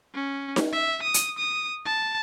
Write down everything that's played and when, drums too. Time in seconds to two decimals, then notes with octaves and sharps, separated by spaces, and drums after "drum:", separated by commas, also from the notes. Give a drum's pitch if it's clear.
0.15 C#4
0.56 drum: snare D#4
0.73 E5
1.02 D#6
1.14 drum: hi-hat
1.38 D#6
1.86 A5